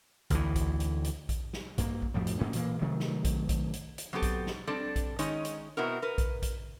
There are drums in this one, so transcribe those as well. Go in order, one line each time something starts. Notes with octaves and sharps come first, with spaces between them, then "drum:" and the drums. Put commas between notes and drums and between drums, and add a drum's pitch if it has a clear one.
D2 E3, drum: kick A#1, hi-hat
drum: kick A#1, hi-hat
drum: hi-hat
drum: hi-hat
drum: kick A#1, hi-hat
drum: snare
G2 A#3, drum: kick A#1, hi-hat
drum: kick A#1
F2 A2 F3 G3
drum: hi-hat
D2 G#2 A#3 C#4
A#2 E3 A#3, drum: hi-hat
C3 D#3 F#3 A3
drum: snare
drum: kick A#1, hi-hat
drum: kick A#1, hi-hat
drum: hi-hat
drum: hi-hat
F#3 B3 C4 G4 A4
drum: kick A#1, hi-hat
drum: snare
G3 C4 D4 A4 D5
drum: kick A#1, hi-hat
D#3 G#3 C#4 D#4 C#5, drum: hi-hat
drum: hi-hat
B2 B3 C4 E4 F#4 A#4
A#4 B4
drum: kick A#1, hi-hat
drum: kick A#1, hi-hat